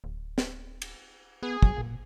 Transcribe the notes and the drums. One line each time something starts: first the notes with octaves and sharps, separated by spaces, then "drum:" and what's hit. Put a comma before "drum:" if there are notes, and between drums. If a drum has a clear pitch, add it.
D1
drum: snare
drum: cymbal
B3 G#4
F#3, drum: kick
A#2